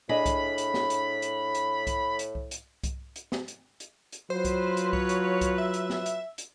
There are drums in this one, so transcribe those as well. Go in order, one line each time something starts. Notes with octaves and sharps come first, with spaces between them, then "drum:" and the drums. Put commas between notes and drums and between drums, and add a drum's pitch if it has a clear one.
A2 D4 G#4 D#5 B5
drum: kick C2, hi-hat
drum: hi-hat
drum: snare
drum: hi-hat
drum: hi-hat
drum: hi-hat
drum: kick C2, hi-hat
drum: hi-hat
drum: kick C2
drum: hi-hat
drum: kick C2, hi-hat
drum: hi-hat
drum: snare
drum: hi-hat
drum: hi-hat
drum: hi-hat
F#3 F4 B4 C5
drum: kick C2, hi-hat
drum: hi-hat
C#5, drum: kick C2
drum: hi-hat
drum: kick C2, hi-hat
E5
drum: hi-hat
drum: snare
drum: hi-hat
drum: hi-hat